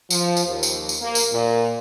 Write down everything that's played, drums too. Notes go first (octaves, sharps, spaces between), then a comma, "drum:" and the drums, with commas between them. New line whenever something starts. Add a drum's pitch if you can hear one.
F3, drum: tambourine
drum: tambourine
D#2
drum: tambourine
drum: tambourine
A#3
drum: tambourine
A#2